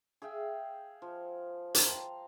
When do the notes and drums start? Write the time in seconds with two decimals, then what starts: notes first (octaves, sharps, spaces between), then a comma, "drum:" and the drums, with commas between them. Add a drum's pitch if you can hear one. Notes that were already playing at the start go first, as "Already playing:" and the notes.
0.22 G#4 E5 F5 G5
1.02 F3
1.74 G5 A5 A#5 C6, drum: hi-hat